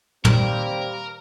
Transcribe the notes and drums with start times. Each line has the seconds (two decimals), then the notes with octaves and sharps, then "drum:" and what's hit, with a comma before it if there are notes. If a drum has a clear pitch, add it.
0.25 D#3 G3 A#3 C4 G4 A#4 A#5, drum: tom